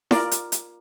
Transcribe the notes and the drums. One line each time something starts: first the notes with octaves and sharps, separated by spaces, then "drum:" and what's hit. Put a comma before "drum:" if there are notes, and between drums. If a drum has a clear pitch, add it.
F4 A#4 D5, drum: snare E4
drum: hi-hat
drum: hi-hat